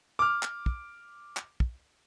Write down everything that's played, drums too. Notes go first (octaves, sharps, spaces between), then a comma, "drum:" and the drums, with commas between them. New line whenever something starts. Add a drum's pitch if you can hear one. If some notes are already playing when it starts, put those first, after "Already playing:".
D6 F6
drum: clap
drum: kick
drum: clap
drum: kick